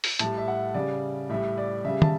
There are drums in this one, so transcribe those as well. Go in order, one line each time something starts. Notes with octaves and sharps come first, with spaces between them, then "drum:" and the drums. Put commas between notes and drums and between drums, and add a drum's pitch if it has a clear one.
drum: open hi-hat
A2 G3 A5, drum: hi-hat
E5
F#5
C#3 G3 D5
A2 G3 E5
D5
C#3 G3 E5
A5, drum: tom